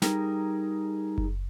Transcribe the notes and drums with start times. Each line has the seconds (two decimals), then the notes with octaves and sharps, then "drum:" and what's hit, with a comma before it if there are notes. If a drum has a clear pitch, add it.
0.02 G3 D#4 G#4 A#4, drum: snare
1.18 drum: kick F#1